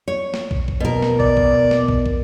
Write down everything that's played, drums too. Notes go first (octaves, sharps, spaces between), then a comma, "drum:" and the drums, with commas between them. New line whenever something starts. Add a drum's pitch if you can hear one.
C#5
drum: snare
drum: kick
drum: kick
B2 A#4
drum: snare
D5, drum: kick
drum: kick
drum: snare
drum: kick
drum: kick